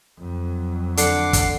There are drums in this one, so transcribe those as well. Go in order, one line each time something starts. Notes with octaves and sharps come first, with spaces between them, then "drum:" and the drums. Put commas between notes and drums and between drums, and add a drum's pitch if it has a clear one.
F2 F#3
D3 F#5 D6 C7, drum: hi-hat
drum: kick, hi-hat